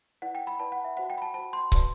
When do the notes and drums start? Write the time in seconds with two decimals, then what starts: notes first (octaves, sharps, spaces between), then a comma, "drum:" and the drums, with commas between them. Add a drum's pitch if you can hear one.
0.22 E4 B4 D5 F#5
0.35 G5
0.47 B5
0.59 E4 B4 D5 A5
0.72 F#5
0.85 E5
0.97 F#4 C5 F#5
1.10 G5
1.18 B5
1.22 A5
1.34 F#4 C5 A5
1.53 C6
1.72 F#4 B4 D5, drum: kick